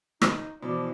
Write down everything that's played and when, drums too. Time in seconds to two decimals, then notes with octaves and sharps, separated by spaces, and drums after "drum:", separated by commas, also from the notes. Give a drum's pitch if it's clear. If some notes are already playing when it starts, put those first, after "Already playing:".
0.22 D#4, drum: rim click
0.63 B2 E3 F3 D5